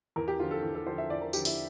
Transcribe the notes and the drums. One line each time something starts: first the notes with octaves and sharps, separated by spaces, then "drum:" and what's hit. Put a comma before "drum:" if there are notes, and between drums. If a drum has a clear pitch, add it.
E2 A#4
G4
D3 F3 F4
A4
E2
A4
D3 F3 C5
E5
E2 D5
A#4
D3 F3 G4, drum: tambourine
E4, drum: open hi-hat